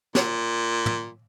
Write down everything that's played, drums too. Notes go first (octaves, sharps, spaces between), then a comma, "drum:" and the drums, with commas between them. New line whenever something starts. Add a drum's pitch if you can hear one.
A#2, drum: snare
drum: tom